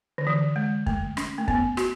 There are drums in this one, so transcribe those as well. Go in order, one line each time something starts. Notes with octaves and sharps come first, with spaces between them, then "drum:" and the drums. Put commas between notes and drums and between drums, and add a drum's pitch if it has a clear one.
D3
E3
G#3
A3, drum: kick
C#4, drum: rim click
A3
B3, drum: kick
F#4, drum: rim click